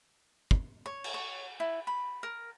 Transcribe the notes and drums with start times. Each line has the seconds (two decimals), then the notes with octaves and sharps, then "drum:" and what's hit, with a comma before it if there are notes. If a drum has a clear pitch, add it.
0.51 drum: kick
0.86 C#5
1.04 drum: cymbal
1.14 C#5
1.60 E4
1.87 B5
2.23 A#4